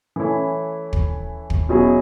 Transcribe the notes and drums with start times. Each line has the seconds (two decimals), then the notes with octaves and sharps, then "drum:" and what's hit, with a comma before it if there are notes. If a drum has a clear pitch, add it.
0.16 E3 A3 C#4 E4
0.93 drum: kick
1.50 drum: kick
1.69 B2 F#3 C#4 E4 G#4